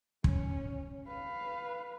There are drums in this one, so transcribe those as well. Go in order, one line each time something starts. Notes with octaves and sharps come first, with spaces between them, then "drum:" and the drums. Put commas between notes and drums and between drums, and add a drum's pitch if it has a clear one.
C#4, drum: kick
B4 F5